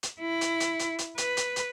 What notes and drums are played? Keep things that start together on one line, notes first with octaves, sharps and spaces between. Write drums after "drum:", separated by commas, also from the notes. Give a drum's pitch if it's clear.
drum: hi-hat
E4
drum: hi-hat
drum: hi-hat
drum: hi-hat
drum: hi-hat
B4, drum: hi-hat
drum: hi-hat
drum: hi-hat